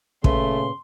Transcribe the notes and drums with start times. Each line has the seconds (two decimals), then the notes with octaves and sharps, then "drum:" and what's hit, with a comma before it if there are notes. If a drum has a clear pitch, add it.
0.24 A#2 C#3 A3 B4 C6, drum: kick